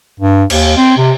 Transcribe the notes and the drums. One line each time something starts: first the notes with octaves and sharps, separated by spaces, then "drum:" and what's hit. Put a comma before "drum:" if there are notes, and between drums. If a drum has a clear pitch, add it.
G2
D#2, drum: cymbal
C4
C3